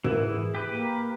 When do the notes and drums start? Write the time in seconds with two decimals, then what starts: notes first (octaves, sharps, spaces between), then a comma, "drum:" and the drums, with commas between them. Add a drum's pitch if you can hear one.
0.04 E3 E4 A#4, drum: tom
0.24 G#4
0.55 G4 B4
0.69 A#3